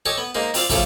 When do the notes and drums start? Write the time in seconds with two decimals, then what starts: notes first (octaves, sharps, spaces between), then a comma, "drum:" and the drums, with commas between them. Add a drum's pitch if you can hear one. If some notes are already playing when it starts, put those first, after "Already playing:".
0.06 G4 A4 C#5 D#5 G#5
0.18 B3
0.35 G#3 A#3 D#4 C5
0.54 C4 F4 D5 F5, drum: open hi-hat
0.69 C#3 F3 A3 G4 A4 E5, drum: kick, open hi-hat